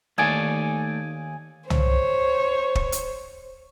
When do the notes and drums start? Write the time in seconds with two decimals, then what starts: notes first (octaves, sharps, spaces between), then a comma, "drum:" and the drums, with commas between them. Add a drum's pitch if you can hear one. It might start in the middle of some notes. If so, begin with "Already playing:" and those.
0.18 D#2 A3 D#4 D5 G#5
1.70 C5 C#5, drum: tom
2.75 drum: kick
2.92 drum: hi-hat